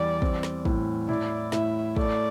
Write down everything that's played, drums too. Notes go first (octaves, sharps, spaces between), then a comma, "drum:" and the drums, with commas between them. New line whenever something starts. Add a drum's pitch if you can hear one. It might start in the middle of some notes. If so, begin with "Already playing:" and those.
Already playing: E2 G3 D5
C4, drum: kick
drum: snare
A2, drum: kick
E4 D5, drum: tom A#2
A2 E5, drum: snare
A3 D5, drum: kick